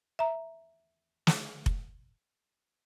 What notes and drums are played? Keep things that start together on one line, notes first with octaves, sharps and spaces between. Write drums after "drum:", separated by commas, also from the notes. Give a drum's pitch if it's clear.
E5 A#5
drum: snare
drum: kick F1